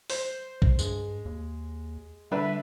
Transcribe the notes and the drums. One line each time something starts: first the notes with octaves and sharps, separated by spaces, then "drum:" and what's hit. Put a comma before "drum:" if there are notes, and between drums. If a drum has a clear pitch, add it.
C5, drum: open hi-hat
drum: kick
G2 G#3, drum: tambourine
D#2
D3 G3 D4 B4 E5